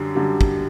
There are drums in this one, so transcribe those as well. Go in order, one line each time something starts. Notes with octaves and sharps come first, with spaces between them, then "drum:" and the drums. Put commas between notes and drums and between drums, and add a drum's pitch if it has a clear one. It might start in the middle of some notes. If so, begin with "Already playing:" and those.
Already playing: F#2 D3 G3
F#2 D3 G3
drum: kick